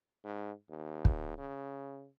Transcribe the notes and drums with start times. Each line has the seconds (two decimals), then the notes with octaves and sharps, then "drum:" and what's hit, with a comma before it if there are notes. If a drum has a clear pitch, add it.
0.24 G#2
0.70 D#2
1.05 drum: kick
1.38 C#3